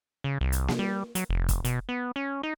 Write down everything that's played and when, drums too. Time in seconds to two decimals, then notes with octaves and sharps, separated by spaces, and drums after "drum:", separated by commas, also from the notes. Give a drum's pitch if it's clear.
0.24 C#3
0.41 C2
0.52 drum: hi-hat
0.68 drum: snare A#3
0.79 G3
1.15 F#3, drum: hi-hat
1.29 F1
1.49 drum: kick, hi-hat
1.65 B2, drum: hi-hat
1.89 B3
2.16 C#4
2.43 D#4